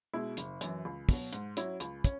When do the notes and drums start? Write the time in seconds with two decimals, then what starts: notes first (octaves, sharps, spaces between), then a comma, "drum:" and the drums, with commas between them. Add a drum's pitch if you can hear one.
0.14 B2 G#3 E4
0.37 F#1, drum: hi-hat
0.61 F#2 E3, drum: hi-hat
0.85 C#2
1.09 B2 F#3, drum: kick, open hi-hat
1.33 G#2, drum: hi-hat
1.57 F#3 C#4 E4, drum: hi-hat
1.80 C#2, drum: hi-hat
2.04 C#4, drum: kick, hi-hat